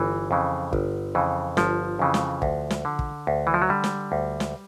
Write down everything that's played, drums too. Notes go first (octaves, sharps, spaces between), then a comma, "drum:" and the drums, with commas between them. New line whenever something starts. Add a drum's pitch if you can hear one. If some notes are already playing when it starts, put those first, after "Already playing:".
Already playing: G1 E3
F2 C#3 E3
G1, drum: kick
F2 C#3 E3
G1 F3, drum: snare
F2 C#3 E3
drum: snare
D2, drum: kick
drum: snare
D3
drum: kick
D2
E3
F3
F#3
D3 G3
drum: snare
D2
drum: snare